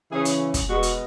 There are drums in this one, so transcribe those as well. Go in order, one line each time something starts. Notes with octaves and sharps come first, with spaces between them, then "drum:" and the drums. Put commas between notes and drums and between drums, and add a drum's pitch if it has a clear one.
C#3 E3 C#4 G#4
drum: hi-hat
drum: kick, hi-hat
B2 G#3 B3 F#4
drum: hi-hat